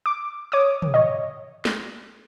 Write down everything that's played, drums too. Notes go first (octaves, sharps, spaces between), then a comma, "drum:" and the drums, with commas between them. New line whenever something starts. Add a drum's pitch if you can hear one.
D6
C#5 D6 D#6
drum: tom
C#5 D#5
drum: snare